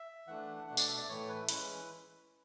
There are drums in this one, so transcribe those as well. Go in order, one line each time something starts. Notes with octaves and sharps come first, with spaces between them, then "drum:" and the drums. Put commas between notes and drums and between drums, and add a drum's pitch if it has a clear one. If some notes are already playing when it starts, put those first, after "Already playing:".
Already playing: E5
E3 A3 D4 F#5
B2 A3 D4 F#5
D5, drum: tambourine
E5
D5
A2 E3 A3 C#5
B4
E3 G#3 C#4 E4 B4, drum: hi-hat